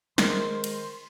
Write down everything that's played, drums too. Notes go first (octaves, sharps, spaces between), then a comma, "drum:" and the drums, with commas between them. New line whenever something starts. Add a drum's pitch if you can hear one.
D#3 G#3 C5 C6, drum: snare
drum: cymbal